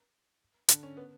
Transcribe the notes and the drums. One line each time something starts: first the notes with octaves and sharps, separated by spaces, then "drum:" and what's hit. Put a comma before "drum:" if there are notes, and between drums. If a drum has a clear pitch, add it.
D3, drum: hi-hat
C#4
B3